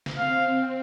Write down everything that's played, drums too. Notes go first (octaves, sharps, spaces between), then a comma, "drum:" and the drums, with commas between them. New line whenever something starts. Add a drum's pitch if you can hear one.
drum: snare
C4 F5